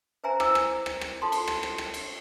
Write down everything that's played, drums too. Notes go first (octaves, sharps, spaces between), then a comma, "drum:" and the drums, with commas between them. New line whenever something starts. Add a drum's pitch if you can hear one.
B4 C5 E5 G#5 A#5
E4 C5 G#5 A#5 D6 E6, drum: rim click
drum: rim click
drum: rim click
drum: rim click
F4 A4 A5 C6
drum: cymbal
drum: rim click
drum: rim click
drum: rim click
drum: cymbal